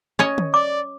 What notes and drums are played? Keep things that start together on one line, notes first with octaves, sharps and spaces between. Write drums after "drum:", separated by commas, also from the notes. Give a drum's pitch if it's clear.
C#4 C#5 D#5
drum: tom D3
D5 D6